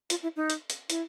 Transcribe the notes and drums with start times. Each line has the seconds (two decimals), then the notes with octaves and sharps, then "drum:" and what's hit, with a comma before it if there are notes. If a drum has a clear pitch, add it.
0.10 F4, drum: hi-hat
0.23 E4
0.36 D#4
0.50 drum: hi-hat
0.70 drum: hi-hat
0.90 E4, drum: hi-hat